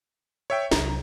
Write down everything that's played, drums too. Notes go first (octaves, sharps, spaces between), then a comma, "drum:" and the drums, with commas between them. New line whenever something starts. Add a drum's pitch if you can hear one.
C#5 E5 G5
C2 F#3 A#5, drum: snare